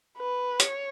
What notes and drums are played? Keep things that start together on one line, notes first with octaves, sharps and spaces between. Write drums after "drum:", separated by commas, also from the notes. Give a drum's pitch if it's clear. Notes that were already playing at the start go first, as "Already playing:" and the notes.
B4
C#5, drum: hi-hat